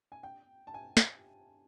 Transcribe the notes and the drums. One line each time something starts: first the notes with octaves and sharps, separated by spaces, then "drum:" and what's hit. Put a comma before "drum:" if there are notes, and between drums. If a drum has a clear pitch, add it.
G#5
G5
A5
G#5
drum: snare